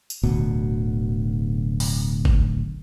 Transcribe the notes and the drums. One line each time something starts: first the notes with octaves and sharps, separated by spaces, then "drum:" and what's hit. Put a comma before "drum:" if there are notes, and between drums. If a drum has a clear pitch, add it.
drum: tambourine
D1 D2 B2
drum: open hi-hat
drum: kick G1